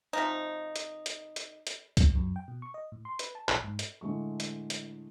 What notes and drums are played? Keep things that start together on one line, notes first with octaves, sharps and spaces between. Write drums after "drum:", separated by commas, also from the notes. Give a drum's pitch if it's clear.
C3 F3 D#4
drum: hi-hat
drum: hi-hat
drum: hi-hat
drum: hi-hat
drum: kick C2, hi-hat
F#2
G5
B2
C#6
D#5
A2
C6
B4, drum: hi-hat
A5
A#1, drum: clap
G#2
drum: hi-hat
A2 D3 G#3 A3 C#6
drum: hi-hat
drum: hi-hat